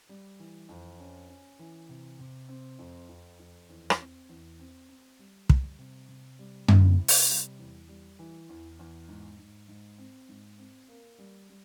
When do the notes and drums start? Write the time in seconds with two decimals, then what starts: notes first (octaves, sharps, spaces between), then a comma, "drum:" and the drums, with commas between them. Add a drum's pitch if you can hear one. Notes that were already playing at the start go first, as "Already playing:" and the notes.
0.09 G3
0.40 E3
0.69 F2
1.00 C#4
1.29 C#4
1.59 E3
1.89 C3
2.19 C3
2.49 C4
2.79 F2
3.09 F2
3.39 F2
3.69 E2
3.90 drum: rim click
3.99 C4
4.29 E2
4.59 C4
4.89 C4
5.19 G3
5.50 G3, drum: kick
5.79 C3
6.09 C3
6.39 G3
6.68 E4, drum: tom F#2
6.99 C3
7.08 drum: open hi-hat
7.29 G3
7.59 E2
7.88 G3
8.19 E3
8.49 E2
8.79 E2
9.09 G#2
9.39 G#2
9.68 G#2
9.98 C4
10.29 G#2
10.58 C4
10.88 A#3
11.18 G3
11.49 G3